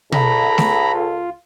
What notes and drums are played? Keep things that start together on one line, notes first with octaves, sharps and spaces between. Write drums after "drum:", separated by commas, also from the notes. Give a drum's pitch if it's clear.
C#2 A4 A#5 B5, drum: tom B2
drum: snare A3
F4